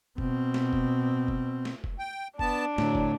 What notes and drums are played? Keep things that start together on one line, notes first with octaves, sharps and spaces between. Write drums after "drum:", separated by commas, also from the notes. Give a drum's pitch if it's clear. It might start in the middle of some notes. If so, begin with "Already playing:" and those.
B2 C4, drum: kick F1
drum: snare
drum: kick F1
drum: kick F1
drum: snare
drum: kick F1
G5
B3 D4 A5, drum: kick F1
A2 D3 F#3, drum: snare
drum: kick F1